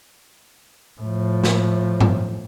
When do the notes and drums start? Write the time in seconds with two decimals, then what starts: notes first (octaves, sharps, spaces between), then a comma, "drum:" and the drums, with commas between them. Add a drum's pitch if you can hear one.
1.01 A2 F3
1.44 drum: snare
2.01 drum: tom G2